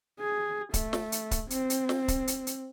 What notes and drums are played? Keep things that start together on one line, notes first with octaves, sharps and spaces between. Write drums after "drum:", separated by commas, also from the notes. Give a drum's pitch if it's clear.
G#4
A3, drum: kick C#1, hi-hat
drum: snare
drum: hi-hat
drum: kick C#1, hi-hat
C4, drum: hi-hat
drum: hi-hat
drum: snare
drum: kick C#1, hi-hat
drum: hi-hat
drum: hi-hat